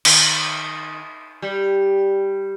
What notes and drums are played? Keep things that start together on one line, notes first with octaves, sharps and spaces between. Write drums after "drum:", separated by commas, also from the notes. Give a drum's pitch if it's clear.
D#3, drum: cymbal
G3